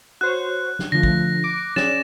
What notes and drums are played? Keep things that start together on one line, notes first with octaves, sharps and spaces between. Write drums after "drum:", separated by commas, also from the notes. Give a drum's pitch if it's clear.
F#4 C5 C#5 F#6
drum: snare
D3 F3 A3 A#6
drum: kick
D6
C#4 G#4 D5 A6 E7, drum: snare